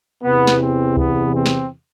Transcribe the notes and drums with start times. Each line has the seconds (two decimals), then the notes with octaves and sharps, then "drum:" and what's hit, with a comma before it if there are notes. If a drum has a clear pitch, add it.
0.23 E2 C3 E3 B3
0.47 drum: snare
0.59 C4
0.97 B3, drum: kick C#2
1.33 C4
1.46 drum: snare